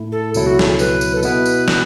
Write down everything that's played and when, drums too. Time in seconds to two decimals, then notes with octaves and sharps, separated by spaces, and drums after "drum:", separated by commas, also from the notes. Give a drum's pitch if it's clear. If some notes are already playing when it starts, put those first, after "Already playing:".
Already playing: A2 A3 E4
0.12 A4
0.34 C#2 B2 F#3 B3 E4 A4, drum: tambourine
0.47 F#4
0.59 A4, drum: snare
0.79 B4, drum: tambourine
1.01 drum: tambourine
1.15 A4
1.23 B2 B3 E4 B4, drum: tambourine
1.46 drum: tambourine
1.68 drum: snare